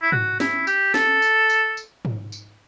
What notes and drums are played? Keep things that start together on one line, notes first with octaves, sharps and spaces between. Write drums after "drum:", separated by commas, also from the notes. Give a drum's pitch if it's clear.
E4
F#4, drum: tom G#2
E4, drum: snare
G4, drum: tambourine
A4, drum: snare
drum: tambourine
drum: tambourine
drum: tambourine
drum: tom G#2
drum: tambourine